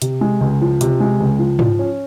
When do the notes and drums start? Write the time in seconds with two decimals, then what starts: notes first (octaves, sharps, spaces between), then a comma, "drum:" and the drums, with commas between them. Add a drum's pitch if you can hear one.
0.02 C3, drum: hi-hat
0.21 G#3
0.41 C#2
0.61 F3
0.81 C3, drum: hi-hat
1.00 G#3
1.20 C#2
1.39 F3
1.59 F3, drum: tom G#2
1.79 C#4